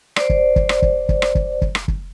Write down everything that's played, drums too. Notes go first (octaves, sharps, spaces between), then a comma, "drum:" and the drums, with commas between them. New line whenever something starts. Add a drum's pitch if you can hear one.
C5 D5, drum: rim click
drum: kick
drum: kick
drum: rim click
drum: kick
drum: kick
drum: rim click
drum: kick
drum: kick
drum: rim click
drum: kick